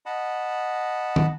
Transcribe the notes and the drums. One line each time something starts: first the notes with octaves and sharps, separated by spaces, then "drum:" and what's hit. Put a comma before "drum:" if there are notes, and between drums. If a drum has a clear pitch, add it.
D#5 F#5 A5 B5
drum: tom